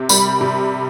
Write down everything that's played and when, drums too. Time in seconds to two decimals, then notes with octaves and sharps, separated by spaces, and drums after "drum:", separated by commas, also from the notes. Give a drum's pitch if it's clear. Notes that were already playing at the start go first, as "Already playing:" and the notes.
Already playing: C3
0.09 G3 B5, drum: tambourine
0.41 C3